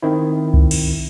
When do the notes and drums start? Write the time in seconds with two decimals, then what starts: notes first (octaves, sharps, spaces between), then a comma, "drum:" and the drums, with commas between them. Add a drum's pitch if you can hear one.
0.03 D#3 C4 E4
0.54 drum: kick C2
0.71 drum: cymbal